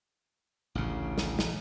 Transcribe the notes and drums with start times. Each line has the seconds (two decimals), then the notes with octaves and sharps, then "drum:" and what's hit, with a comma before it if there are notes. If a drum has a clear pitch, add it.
0.75 A1 D2 C#3
1.18 drum: snare
1.39 drum: snare